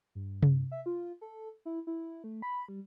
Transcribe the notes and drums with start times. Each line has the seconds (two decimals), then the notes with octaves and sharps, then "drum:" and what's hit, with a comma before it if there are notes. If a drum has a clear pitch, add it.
0.15 G2
0.43 drum: tom C3
0.72 E5
0.86 F4
1.21 A4
1.66 E4
1.87 E4
2.24 A3
2.42 B5
2.69 G3